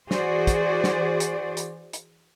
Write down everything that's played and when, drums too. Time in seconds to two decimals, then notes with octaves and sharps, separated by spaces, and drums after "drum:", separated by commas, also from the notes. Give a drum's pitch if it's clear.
0.11 E3 F#4 G#4 C5 D5, drum: snare
0.47 drum: kick, hi-hat
0.84 drum: snare
1.20 drum: hi-hat
1.57 drum: hi-hat
1.93 drum: hi-hat